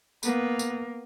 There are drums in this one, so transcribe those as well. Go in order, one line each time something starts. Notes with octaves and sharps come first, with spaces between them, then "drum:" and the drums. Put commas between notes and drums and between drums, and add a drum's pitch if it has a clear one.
A#3 B3 B4, drum: tambourine
drum: tambourine